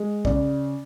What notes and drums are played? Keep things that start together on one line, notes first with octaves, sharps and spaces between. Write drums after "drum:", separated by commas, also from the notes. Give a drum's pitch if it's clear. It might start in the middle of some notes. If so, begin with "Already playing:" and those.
Already playing: G#3
C#3 D5, drum: kick